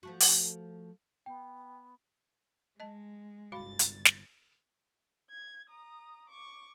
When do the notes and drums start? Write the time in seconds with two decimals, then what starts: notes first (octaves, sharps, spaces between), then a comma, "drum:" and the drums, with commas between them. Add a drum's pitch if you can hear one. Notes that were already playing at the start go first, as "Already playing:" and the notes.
0.03 F3 A3 F#4
0.20 drum: open hi-hat
1.26 B3 G5
2.80 G#3 D#5 A5
3.52 G1 C2 F#4 F5 B5 A6
3.79 drum: hi-hat
4.05 drum: snare
5.30 G#6
5.69 A#5 D#6
6.29 C#6 D6